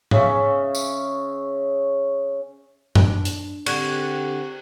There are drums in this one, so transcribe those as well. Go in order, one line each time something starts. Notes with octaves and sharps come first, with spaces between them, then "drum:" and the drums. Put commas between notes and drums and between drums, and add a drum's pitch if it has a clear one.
C#3 C#4 E5, drum: tom G#2
drum: tambourine
D4, drum: tom F#2
drum: hi-hat
D3 C4 G4 C#6 F#6 G#6, drum: cymbal